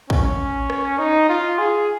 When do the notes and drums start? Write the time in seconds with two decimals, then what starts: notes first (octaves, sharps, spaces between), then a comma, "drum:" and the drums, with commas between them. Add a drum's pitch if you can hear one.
0.10 C#4, drum: kick
0.70 drum: rim click
0.99 D#4
1.29 F4
1.58 G#4